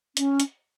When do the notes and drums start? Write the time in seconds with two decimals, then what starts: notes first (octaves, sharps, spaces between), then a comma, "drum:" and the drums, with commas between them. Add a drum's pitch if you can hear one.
0.17 C#4, drum: hi-hat
0.40 drum: hi-hat